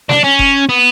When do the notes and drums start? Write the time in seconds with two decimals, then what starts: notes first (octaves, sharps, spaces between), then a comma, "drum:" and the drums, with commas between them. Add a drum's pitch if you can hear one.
0.09 D4, drum: snare
0.24 C#4
0.39 drum: kick F#1
0.69 B3